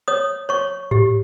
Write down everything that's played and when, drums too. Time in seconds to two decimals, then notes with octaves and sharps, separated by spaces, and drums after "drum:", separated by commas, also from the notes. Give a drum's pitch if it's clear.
0.08 C#5 D#6
0.49 C#5 C#6
0.91 G4, drum: tom G#2